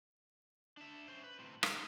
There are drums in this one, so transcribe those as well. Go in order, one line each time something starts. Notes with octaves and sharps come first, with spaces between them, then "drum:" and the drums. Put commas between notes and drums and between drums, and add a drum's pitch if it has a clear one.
D4 E5
C#4 C5
B4
A2 C4
D#4, drum: rim click